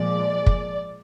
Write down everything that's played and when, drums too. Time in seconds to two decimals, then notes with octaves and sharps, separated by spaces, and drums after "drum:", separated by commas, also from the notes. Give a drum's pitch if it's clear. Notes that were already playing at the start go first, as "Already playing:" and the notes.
Already playing: A#2 F3 G#3 D5
0.46 drum: kick